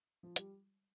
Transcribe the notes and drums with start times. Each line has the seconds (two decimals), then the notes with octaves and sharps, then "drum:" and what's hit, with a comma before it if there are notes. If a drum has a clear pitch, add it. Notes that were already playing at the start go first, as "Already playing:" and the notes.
0.23 F3
0.36 G3, drum: hi-hat